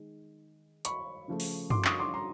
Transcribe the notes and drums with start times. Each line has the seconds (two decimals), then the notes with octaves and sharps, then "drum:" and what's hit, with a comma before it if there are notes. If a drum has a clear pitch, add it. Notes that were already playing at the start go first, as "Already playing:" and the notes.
Already playing: D#3 G#3
0.85 B5 C#6, drum: hi-hat
1.28 C#3 F3 A3
1.40 drum: open hi-hat
1.70 C6 D6, drum: tom
1.85 C#6 D#6, drum: clap
1.99 C6 D6
2.14 A#5 C6